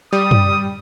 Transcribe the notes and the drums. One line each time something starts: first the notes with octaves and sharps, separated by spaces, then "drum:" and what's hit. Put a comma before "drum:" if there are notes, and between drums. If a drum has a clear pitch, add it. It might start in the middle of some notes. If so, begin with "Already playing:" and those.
G3 D#6
drum: tom F#2